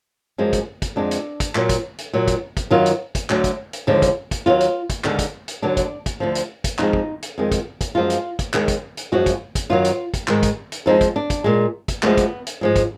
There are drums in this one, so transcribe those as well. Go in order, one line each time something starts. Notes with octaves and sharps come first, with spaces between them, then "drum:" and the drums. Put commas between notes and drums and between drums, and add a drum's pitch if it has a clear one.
F#2 F3 G#3
drum: kick, hi-hat
drum: kick, hi-hat
F2 D3 G#3 D4
drum: hi-hat
drum: kick, hi-hat
A#2 F#3, drum: clap
drum: kick, hi-hat
drum: hi-hat
A#2 F#3
drum: kick, hi-hat
drum: kick, hi-hat
F#2 D#3 F#3 F4
drum: hi-hat
drum: kick, hi-hat
D2 D3 F#3, drum: clap
drum: kick, hi-hat
drum: hi-hat
D#2 D3 F3 G#3
drum: kick, hi-hat
drum: kick, hi-hat
D#2 D#3 F#3 F4
drum: hi-hat
drum: kick, hi-hat
D#2 D3 G#3, drum: clap
drum: kick, hi-hat
drum: hi-hat
D#2 D3 F#3 D4
drum: kick, hi-hat
drum: kick, hi-hat
D2 D3 F3
drum: hi-hat
drum: kick, hi-hat
F2 F3 G#3 D#4, drum: clap
drum: kick
drum: hi-hat
F2 D#3 G#3
drum: kick, hi-hat
drum: kick, hi-hat
F#2 F3 G#3 F4
drum: hi-hat
drum: kick, hi-hat
D#2 D#3 G#3, drum: clap
drum: kick, hi-hat
drum: hi-hat
F#2 F3 G#3 F#4
drum: kick, hi-hat
drum: kick, hi-hat
F#2 D#3 F#3 F4
drum: hi-hat
drum: kick, hi-hat
G#2 D#3 G#3, drum: clap
drum: kick, hi-hat
drum: hi-hat
F2 F3 G#3 D#4
drum: kick, hi-hat
D4
drum: kick, hi-hat
A#2 G#3
drum: kick, hi-hat
D2 D3 F3 G#3 B3, drum: clap
drum: kick, hi-hat
drum: hi-hat
G#2 F3 G#3
drum: kick, hi-hat